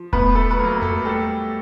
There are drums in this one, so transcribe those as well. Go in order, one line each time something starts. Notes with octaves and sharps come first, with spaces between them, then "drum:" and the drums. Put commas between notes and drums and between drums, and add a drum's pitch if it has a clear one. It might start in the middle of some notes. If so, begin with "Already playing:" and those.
Already playing: F3
A2 B3 B4, drum: kick E1
A3 A4
B4
F#3 A#3 A#4
A3 A4, drum: tom E2
G3 A3 A4